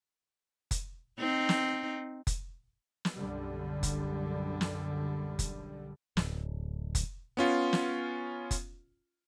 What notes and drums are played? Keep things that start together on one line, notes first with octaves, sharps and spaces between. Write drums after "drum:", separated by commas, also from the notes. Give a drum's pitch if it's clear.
drum: kick F1, hi-hat
C4 D#4
drum: snare
drum: kick F1, hi-hat
drum: snare
B1 F#2 D3 G3
drum: kick F1, hi-hat
drum: snare
drum: kick F1, hi-hat
D1, drum: snare
drum: kick F1, hi-hat
B3 C#4 F4
drum: snare
drum: kick F1, hi-hat